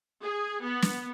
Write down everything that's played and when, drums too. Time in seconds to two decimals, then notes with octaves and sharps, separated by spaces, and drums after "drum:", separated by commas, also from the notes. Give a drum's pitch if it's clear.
0.21 G#4
0.62 B3
0.82 drum: snare